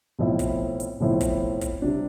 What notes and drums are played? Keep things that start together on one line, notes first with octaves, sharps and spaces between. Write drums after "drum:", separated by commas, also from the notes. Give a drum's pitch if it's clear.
B1 A2 F3 C4 E4
drum: kick, hi-hat
drum: hi-hat
B1 A2 F3 C4 E4
drum: kick, hi-hat
drum: kick, hi-hat
C3 G3 D4